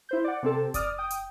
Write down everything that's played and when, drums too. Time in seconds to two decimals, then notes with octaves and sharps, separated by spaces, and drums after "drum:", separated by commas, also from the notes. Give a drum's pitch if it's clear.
0.09 E4 C5 G6
0.24 D5 F#5
0.43 C3 C4 A4
0.74 D5 D#6 F6, drum: kick F1, hi-hat
0.98 G5 D#6
1.10 drum: hi-hat